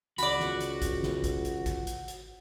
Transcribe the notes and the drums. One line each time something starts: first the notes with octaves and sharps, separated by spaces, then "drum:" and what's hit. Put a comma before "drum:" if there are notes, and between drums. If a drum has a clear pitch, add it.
C#2 F#4 D5 B5, drum: hi-hat
drum: snare
drum: hi-hat
drum: kick G#1, hi-hat
drum: snare
drum: kick G#1, hi-hat
drum: hi-hat
drum: kick G#1, hi-hat
drum: hi-hat
drum: hi-hat